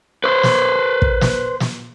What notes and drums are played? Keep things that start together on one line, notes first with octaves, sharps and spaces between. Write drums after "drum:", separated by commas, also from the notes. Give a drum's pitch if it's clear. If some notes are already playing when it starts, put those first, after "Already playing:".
B4 C5
drum: snare
drum: kick
drum: snare
drum: snare